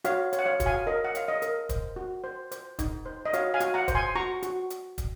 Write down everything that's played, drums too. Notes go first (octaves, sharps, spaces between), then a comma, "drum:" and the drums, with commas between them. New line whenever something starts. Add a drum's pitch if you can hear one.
F#4 C#5 F5, drum: hi-hat
C#5, drum: hi-hat
F#5
C#5 F5
F#4, drum: kick, hi-hat
F5 G#5
A#4 D#5
F#5
C#5 F5, drum: hi-hat
D#5
A#4, drum: hi-hat
C5, drum: kick, hi-hat
F#4
C5
C5, drum: hi-hat
D#4, drum: kick, hi-hat
C5
D#5
F#4 C#5 F5, drum: hi-hat
F5 G#5
F#4, drum: hi-hat
F#5 A#5
C5, drum: kick, hi-hat
G#5 C6
F#4 A#5 C#6
F#4, drum: hi-hat
drum: hi-hat
drum: kick, hi-hat